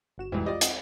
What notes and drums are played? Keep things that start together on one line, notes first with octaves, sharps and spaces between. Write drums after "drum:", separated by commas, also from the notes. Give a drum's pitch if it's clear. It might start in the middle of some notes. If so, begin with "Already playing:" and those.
G1 F#4 E7
E1 C2 F2 E3 G#3
F4 G4 D5 D#5
C4 D#5 F#5 C7, drum: hi-hat